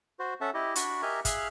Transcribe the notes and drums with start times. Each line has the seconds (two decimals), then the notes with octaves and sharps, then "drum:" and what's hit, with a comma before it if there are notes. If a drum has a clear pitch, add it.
0.19 F#4 C5
0.41 C#4 A4 E5 F#5 A5
0.54 E4 G4 D#5
0.76 D4 F#4 D5 B5 C#6, drum: hi-hat
1.02 G4 A#4 D#5 E5 G#5 A#5
1.25 G#4 E5 F5 F6 F#6, drum: kick, hi-hat